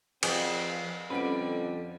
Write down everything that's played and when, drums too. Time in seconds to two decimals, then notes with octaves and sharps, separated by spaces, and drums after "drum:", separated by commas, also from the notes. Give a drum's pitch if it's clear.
0.23 F3 C4 G#4 D#6, drum: cymbal
1.10 F2 D3 G3 C#4 B4 F#5 D7